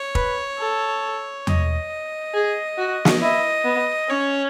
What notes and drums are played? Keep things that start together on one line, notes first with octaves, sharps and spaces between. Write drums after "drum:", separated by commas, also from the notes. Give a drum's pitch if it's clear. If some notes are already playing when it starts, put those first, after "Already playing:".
Already playing: C#5
B4, drum: kick
A4
D#5, drum: tom E2
G#4
F#4
drum: snare
E4 D#5
B3
C#4 C#5